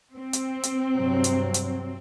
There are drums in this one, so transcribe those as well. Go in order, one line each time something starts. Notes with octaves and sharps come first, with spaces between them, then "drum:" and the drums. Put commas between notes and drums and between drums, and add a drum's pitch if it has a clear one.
C4
drum: hi-hat
drum: hi-hat
G2 C3 F#3
drum: hi-hat
drum: hi-hat